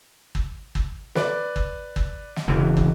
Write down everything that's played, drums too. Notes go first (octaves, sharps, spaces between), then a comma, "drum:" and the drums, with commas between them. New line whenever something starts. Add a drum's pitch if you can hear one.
drum: kick
drum: kick
B4 D5, drum: snare
drum: kick
drum: kick
drum: snare
E1 C#3 E3
drum: kick